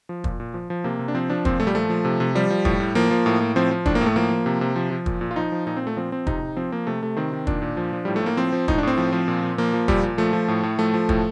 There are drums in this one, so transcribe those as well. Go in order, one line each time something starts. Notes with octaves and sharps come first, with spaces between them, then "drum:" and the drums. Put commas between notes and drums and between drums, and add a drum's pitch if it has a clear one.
F3
A#2, drum: kick
A#2
F3
F3
C3 A#3
C3
D4
F3 C4
F3 D4
A#2 C4, drum: kick
A#2 A3
G3
F3 A3
F3
C3
C3
F3 G3
F3
A2, drum: kick
A2
F3 A#3
F3
A2
A2
F3 C4
F3
A2 D4, drum: kick
A#3
A2
A3
F3 A#3
F3
C3
C3
F3
F3
A#2, drum: kick
A#2
F4
F3 D#4
F3
A#2 D#4
C4
A#2
A3
F3 C4
F3 C4
C3 D#4, drum: kick
C3
F3 C4
F3 A#3
C3 A3
C3 A3
D#3 C4
D#3
A#2 D4, drum: kick
A#2
F3
F3
A2 G3
A3
A2 A#3
F3 C4
F3
A2 D#4, drum: kick
D4
A2 C4
F3
F3
A#2
A#2
F3 A#3
F3
A#2 G3, drum: kick
A#2
F3 A3
F3
A2
A2
F3 A3
F3
A2, drum: kick